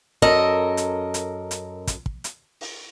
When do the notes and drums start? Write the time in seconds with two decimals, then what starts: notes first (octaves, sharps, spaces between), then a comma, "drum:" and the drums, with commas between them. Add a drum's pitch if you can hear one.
0.22 F#2 A4 A#4 D#5, drum: kick
0.77 drum: hi-hat
1.14 drum: hi-hat
1.51 drum: hi-hat
1.87 drum: kick, hi-hat
2.06 drum: kick
2.24 drum: hi-hat
2.61 drum: open hi-hat